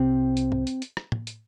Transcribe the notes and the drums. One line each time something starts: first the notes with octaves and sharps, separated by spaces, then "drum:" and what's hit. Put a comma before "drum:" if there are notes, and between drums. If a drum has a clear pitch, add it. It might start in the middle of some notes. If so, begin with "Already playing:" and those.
Already playing: C2 C3 C4
drum: hi-hat
drum: tom
drum: hi-hat
drum: hi-hat
drum: rim click
drum: tom
drum: hi-hat